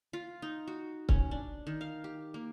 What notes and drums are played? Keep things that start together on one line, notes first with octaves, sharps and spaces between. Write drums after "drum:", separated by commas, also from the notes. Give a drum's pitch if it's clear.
F4
D#4
F#4
C#4, drum: kick C#1
D4
D#3
F5
G4
A#3